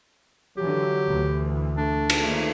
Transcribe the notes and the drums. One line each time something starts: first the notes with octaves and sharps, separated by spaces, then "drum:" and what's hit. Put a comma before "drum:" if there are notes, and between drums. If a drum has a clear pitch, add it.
D3 E3 F#3 G4
D2 E3
A3 D4
drum: cymbal
D#3 A3 A#3